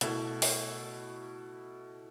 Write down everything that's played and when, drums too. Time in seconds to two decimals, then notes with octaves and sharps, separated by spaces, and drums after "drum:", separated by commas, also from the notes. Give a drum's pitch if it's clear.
0.01 B2 A3 E4, drum: hi-hat
0.42 drum: open hi-hat